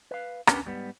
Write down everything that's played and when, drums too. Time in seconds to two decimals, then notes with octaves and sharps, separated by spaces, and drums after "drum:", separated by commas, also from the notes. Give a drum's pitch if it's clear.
0.11 B4 F5
0.47 B3 C#4 D4 G4 A#4 B4, drum: rim click
0.65 G#2 G3 B3